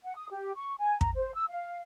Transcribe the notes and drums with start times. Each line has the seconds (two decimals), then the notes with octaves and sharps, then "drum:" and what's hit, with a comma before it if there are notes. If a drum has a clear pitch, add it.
0.04 F#5
0.16 D#6
0.31 G4
0.56 C#6
0.79 G#5
1.01 A#5, drum: kick
1.15 C5
1.35 E6
1.50 F5